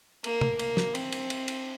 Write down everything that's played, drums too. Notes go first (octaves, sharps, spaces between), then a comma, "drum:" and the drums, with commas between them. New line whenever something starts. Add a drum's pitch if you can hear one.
A#3, drum: cymbal
drum: tom
A#3, drum: cymbal
drum: snare
C4, drum: cymbal
drum: cymbal
drum: cymbal
drum: cymbal